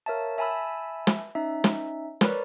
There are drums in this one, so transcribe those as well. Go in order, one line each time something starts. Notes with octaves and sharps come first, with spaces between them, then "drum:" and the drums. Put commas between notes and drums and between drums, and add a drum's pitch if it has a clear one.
A#4 C#5 E5 F5 A5
E5 G#5 A5 B5 E6
drum: snare
C#4 D#4 E5
drum: snare
A#4 B4 C#5 D5, drum: snare